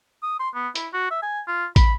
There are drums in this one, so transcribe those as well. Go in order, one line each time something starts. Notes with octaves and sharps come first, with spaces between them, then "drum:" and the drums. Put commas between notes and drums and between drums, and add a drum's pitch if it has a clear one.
D#6
C6
B3
E4, drum: hi-hat
F#4
E5
G#5
F4
B5, drum: kick, hi-hat